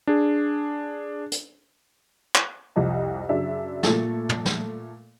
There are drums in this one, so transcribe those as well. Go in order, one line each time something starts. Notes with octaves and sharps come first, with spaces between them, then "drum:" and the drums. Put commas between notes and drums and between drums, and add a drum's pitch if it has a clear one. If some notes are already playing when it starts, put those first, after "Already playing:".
D4 G#4
drum: hi-hat
drum: clap
C2 F2 D#5 A5
F#2 C#3 D4 E5
A#2 A3 A4 A6, drum: snare
drum: tom
drum: snare